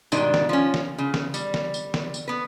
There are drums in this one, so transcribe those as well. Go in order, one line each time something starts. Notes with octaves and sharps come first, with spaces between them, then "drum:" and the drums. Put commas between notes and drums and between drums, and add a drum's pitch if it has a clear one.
G#2 B2 D#3 G3 D4, drum: tambourine
drum: snare
F3 C#4
drum: snare
C#3
drum: snare
G3, drum: tambourine
drum: snare
drum: tambourine
drum: snare
drum: tambourine
B3 B4